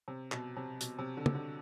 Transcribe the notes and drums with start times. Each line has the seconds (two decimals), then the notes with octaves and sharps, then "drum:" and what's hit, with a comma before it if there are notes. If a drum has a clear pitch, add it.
0.08 C3
0.32 B2, drum: clap
0.57 C3
0.81 B2, drum: hi-hat
0.99 C3
1.17 D3
1.26 C3, drum: tom
1.35 D3